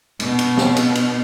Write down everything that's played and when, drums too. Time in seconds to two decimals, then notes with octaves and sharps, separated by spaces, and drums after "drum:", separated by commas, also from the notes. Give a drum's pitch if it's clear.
0.20 B2, drum: cymbal
0.39 drum: cymbal
0.58 drum: snare
0.76 drum: cymbal
0.95 drum: cymbal